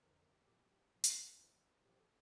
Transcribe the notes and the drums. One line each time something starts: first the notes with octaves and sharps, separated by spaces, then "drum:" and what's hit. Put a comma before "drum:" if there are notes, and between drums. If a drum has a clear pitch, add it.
F2 D3 F3 A#4
G4
A#2 F3 G4
G4
A#2 F3
drum: hi-hat
A#2 F3
A#2 F3 G4
A4